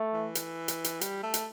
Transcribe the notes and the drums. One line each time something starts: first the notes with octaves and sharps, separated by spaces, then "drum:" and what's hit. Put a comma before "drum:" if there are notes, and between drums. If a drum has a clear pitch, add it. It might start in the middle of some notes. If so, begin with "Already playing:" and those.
Already playing: A3
E3
drum: hi-hat
drum: hi-hat
drum: hi-hat
G3, drum: hi-hat
A3
drum: hi-hat